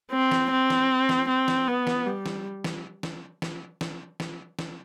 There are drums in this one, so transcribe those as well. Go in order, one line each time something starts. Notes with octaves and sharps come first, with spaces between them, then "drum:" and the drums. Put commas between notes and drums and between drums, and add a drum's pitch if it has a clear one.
C4
drum: snare
C4
drum: snare
drum: snare
C4
drum: snare
B3
drum: snare
G3
drum: snare
drum: snare
drum: snare
drum: snare
drum: snare
drum: snare
drum: snare